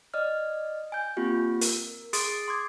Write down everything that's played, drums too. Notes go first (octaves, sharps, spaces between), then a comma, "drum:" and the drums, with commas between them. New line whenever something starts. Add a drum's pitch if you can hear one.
D5 D#5 F6
G#5 G6
A#3 C4 F4 G4
A#4, drum: hi-hat
G#4 C6 D#6 A6 D7, drum: hi-hat
C6 D6 G#6